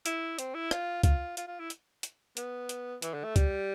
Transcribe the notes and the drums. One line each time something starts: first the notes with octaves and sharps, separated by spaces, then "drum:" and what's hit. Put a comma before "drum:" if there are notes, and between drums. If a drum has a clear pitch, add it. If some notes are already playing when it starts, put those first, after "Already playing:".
E4, drum: hi-hat
C4, drum: hi-hat
E4
F4, drum: rim click
F4, drum: kick, hi-hat
F4, drum: hi-hat
F4
E4
drum: hi-hat
drum: hi-hat
B3, drum: hi-hat
drum: hi-hat
E3, drum: hi-hat
D3
A3
G3, drum: kick, hi-hat